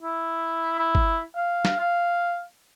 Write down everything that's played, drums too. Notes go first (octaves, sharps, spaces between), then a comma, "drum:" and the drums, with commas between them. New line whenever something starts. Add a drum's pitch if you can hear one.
E4
E4
drum: kick
F5
drum: snare
F5